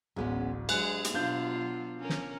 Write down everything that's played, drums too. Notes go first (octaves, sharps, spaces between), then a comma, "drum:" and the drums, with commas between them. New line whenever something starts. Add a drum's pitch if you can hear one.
D1 A1 G#3 B3 C#4
F#3 G#3 D4 G#5 F#6 C#7, drum: cymbal
drum: hi-hat
B2 F#3 B3 D4 F4 F5 G6
C#4 A#4
drum: snare